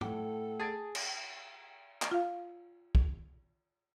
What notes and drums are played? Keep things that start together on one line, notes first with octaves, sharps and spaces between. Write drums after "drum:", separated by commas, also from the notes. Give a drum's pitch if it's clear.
A2 A3 A4 F#5 G5, drum: tom G#2
G#4 A5 A6 D7
drum: cymbal
drum: clap
F4 F5
drum: kick